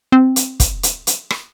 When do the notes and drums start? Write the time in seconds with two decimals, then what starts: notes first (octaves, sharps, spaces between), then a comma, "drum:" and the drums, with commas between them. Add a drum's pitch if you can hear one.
0.12 C4
0.36 drum: hi-hat
0.60 drum: kick, hi-hat
0.83 drum: hi-hat
1.07 drum: hi-hat
1.30 drum: rim click